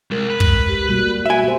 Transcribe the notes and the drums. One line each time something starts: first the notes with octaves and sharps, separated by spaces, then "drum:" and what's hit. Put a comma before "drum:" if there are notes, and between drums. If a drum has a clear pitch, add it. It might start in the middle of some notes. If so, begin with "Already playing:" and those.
C2 G#3 A#4
B4
drum: kick
G4
B2 G3 A#3 F#4
F#4 E5 G#5
G4 C5